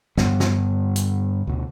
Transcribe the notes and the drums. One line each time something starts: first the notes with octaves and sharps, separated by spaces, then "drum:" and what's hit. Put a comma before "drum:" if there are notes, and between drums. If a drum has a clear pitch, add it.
G2 D3 G3 B3, drum: snare
drum: snare
drum: hi-hat
D2 B2 D3